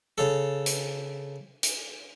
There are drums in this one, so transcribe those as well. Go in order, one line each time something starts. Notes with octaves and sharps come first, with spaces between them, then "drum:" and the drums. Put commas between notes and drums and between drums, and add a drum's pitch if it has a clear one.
C#3 A4
drum: hi-hat
drum: hi-hat